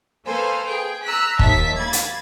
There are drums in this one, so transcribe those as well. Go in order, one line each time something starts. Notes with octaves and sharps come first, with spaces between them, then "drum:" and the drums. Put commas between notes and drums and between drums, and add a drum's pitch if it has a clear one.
A#3 A4 B4 C5 F5 G#5
G#4 G5
A#5 E6 F#6 B6
D#2 D#3 E5 A5 B6, drum: kick
A#3 B5 G#6 A6
drum: hi-hat